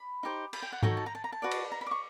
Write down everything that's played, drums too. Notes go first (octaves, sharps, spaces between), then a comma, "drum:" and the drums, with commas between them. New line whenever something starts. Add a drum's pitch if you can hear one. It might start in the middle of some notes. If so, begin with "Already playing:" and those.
Already playing: B5
D#4 G4 C5
B5, drum: cymbal
G5
F#5
D#4 F#4 A4 C#5 G5, drum: tom G#2
A5
A#5
A5
A#5
A5
F#4 B4 D5
drum: cymbal
A#5
B5
D6
C#6